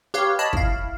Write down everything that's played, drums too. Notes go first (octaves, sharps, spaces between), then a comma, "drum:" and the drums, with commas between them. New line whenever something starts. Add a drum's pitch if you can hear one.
G4 B4 C#5 F5
C#5 D#5 A5 B5
E4 F5, drum: kick